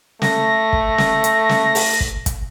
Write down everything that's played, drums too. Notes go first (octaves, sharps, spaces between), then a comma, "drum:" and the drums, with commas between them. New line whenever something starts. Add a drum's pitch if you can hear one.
A3 A#6, drum: snare
drum: kick
drum: snare
drum: hi-hat
drum: snare
drum: open hi-hat
drum: kick
drum: kick, hi-hat